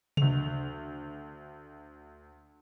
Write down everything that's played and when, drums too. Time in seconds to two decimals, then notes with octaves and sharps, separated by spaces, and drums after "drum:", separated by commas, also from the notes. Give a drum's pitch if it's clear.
0.17 D2 F7, drum: tom C3